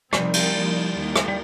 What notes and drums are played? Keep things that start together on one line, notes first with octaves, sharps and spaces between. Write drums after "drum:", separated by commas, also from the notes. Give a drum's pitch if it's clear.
C3 F3 G3 C4 D#4 A#4, drum: rim click
drum: cymbal
F3 A#3 D#4
D#2 D#3 A#3 D#4
drum: rim click
G3